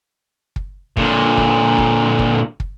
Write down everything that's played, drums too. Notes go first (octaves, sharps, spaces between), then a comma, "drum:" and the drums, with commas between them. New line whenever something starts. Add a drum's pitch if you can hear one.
drum: kick
A#2 D3, drum: kick
drum: kick
drum: kick
drum: kick
drum: kick